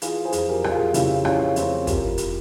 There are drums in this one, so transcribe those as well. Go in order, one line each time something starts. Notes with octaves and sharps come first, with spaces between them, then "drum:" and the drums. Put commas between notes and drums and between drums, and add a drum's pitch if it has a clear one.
E3 F4 G#4, drum: hi-hat
G#4 C5
F2, drum: hi-hat
G4 A#4
F2, drum: rim click
F4 G#4
C#3 E4 G4, drum: hi-hat
E3 C#4 F4, drum: rim click
F2 C4 E4, drum: hi-hat
F2 G4 A#4, drum: kick, hi-hat
drum: hi-hat